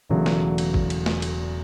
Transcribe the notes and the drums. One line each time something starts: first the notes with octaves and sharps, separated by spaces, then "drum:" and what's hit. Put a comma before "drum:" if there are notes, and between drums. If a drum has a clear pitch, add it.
E1 E2 C#3 F#3 A3
drum: snare
drum: cymbal
drum: kick G#1
drum: cymbal
drum: snare
drum: cymbal